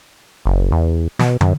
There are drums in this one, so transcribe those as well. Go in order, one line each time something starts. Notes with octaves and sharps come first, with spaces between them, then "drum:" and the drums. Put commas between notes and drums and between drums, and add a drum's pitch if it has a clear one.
F#1
E2
B2, drum: snare
F#2, drum: tom